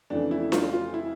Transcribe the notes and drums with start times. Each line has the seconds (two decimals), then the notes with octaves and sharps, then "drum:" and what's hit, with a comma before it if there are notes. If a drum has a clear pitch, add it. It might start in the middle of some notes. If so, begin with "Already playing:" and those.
0.10 F2 C#3 E3 A3 D4
0.31 E4
0.52 F4, drum: snare D4
0.73 F4
0.94 E4